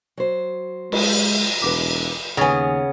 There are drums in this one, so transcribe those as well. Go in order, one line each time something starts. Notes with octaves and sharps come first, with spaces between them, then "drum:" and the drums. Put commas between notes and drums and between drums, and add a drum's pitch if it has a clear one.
F#3 C5
G#3, drum: cymbal
E1 B4 D6
D#2 C#3 B3 C#5 G#5